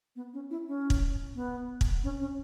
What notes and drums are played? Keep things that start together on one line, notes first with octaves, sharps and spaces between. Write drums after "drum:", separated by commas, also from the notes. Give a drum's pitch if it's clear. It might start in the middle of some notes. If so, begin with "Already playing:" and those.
B3
C#4
E4
C#4
drum: kick
B3
drum: kick
C#4
C#4